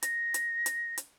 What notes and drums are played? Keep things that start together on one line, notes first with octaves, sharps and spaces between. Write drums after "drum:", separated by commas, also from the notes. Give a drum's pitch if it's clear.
A#6, drum: hi-hat
drum: hi-hat
drum: hi-hat
drum: hi-hat